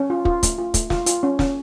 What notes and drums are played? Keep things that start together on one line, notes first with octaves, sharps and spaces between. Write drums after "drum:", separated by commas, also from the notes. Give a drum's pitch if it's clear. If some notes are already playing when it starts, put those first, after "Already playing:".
Already playing: C#4
F4
F4, drum: kick
A3, drum: kick, hi-hat
F4
A3, drum: kick, hi-hat
F4 F5, drum: snare
F4, drum: hi-hat
C#4
C#4, drum: snare